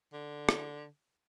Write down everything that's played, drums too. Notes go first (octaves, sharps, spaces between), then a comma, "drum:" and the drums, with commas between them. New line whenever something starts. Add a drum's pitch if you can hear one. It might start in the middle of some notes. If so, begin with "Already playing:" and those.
D3
drum: rim click